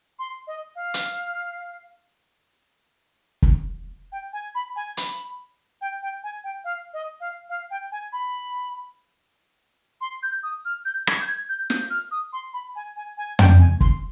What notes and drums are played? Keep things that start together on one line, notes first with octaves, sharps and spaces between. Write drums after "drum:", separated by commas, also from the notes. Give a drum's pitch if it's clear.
C6
D#5
F5
drum: hi-hat
drum: kick
G5
G#5
B5
G#5
B5, drum: hi-hat
G5
G5
G#5
G5
F5
D#5
F5
F5
G5
G#5
B5
C6
G6
D#6
F6
G6
G#6, drum: rim click
G6
G#6
G6
G6, drum: snare
F6
D#6
C6
B5
G#5
G#5
G#5
G5, drum: tom
G#5
C6, drum: kick